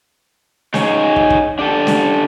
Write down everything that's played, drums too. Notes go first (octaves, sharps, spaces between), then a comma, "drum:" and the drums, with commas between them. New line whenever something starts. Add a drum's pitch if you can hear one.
D#4 G#4 C#5, drum: snare C#4
drum: kick
drum: kick
D4 G4 A4
drum: snare C#4